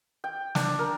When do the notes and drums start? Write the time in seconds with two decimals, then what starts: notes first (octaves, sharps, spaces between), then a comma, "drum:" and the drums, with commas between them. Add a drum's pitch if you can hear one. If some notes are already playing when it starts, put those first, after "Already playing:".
0.24 G5
0.55 D4, drum: snare
0.79 A#4